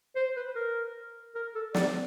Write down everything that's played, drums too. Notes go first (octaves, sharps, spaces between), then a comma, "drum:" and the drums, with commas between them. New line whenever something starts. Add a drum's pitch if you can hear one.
C5
B4
A#4
A#4
A4
D5, drum: snare